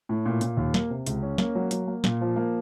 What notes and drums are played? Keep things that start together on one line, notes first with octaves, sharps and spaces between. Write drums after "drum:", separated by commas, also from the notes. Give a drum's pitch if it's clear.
A2
A#2
A#2, drum: hi-hat
D#2
A#3, drum: snare
C3
C#2, drum: hi-hat
C#4
A#3, drum: snare
F#3
F#3, drum: hi-hat
A#3
A#2, drum: snare
F3
A#3